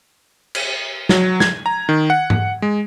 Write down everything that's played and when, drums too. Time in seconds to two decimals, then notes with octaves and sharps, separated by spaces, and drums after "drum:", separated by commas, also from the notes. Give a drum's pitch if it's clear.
0.55 drum: cymbal
1.09 F#3, drum: snare
1.40 G#6, drum: snare
1.66 A#5
1.89 D#3
2.10 F#5
2.30 drum: tom G#2
2.62 G#3